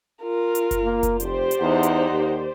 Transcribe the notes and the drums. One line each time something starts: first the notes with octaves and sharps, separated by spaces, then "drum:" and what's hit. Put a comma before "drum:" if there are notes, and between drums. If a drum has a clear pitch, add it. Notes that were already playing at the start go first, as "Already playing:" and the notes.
F4 A#4
drum: hi-hat
drum: kick F#1, hi-hat
A#3
drum: kick F#1, hi-hat
F1 G4 C5 D5, drum: hi-hat
drum: hi-hat
E2 D#4 F#5
drum: hi-hat
D#2